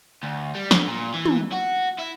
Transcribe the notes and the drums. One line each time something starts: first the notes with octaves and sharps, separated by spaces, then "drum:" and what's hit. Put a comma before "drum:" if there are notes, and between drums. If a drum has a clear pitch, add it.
D2
G3
D3, drum: snare
A#2
E3
drum: tom
F#4
E4